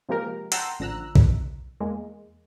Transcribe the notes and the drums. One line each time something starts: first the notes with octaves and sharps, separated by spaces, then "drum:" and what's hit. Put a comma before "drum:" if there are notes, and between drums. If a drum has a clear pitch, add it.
C3 F3 G#3 A#3 G4 A#4
F#5 G5 A5 A#5 C6 E6, drum: hi-hat
A1 D3 F3 A#5 E6 F#6
drum: kick A#1
E2 G#3 A#3